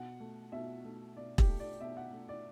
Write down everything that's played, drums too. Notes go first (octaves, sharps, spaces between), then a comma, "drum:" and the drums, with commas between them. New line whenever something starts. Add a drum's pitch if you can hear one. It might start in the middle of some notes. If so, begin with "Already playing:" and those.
Already playing: B2 F#5
A3
B2 E5
A3
B2 D5
G4, drum: kick E1
A3
D5
B2 E5
F#5
A3
D5